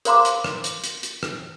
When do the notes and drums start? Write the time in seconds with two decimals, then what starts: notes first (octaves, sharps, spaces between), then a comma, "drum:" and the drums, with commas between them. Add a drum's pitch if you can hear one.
0.05 A#4 C5 F5 A#5 C6 D6, drum: hi-hat
0.25 drum: hi-hat
0.44 drum: rim click
0.64 drum: hi-hat
0.84 drum: hi-hat
1.03 drum: hi-hat
1.23 drum: rim click